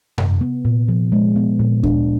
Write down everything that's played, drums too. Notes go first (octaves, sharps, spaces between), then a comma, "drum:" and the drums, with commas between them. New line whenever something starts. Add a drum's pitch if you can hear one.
C3, drum: tom F#2
B3
A#2
F3
G#3
B3
A#2
D4, drum: kick D2